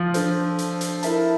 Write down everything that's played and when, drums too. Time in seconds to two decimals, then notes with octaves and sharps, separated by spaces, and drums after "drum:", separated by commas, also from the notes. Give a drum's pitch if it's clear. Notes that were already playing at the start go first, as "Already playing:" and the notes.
Already playing: F3
0.14 D4 A4 C5, drum: hi-hat
0.58 drum: hi-hat
0.81 drum: hi-hat
1.03 E4 A#4 E5 A5, drum: hi-hat